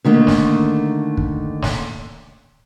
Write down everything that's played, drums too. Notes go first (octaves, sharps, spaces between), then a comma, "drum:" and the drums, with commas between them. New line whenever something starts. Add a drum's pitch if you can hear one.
D3 D#3 A3 A#3
drum: snare
drum: kick
drum: snare